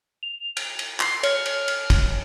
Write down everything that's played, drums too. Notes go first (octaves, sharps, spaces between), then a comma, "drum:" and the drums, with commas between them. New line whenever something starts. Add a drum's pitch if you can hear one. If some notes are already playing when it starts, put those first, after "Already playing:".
F7
drum: cymbal
drum: cymbal
C6, drum: clap
C#5 F6, drum: cymbal
drum: cymbal
drum: cymbal
drum: kick, cymbal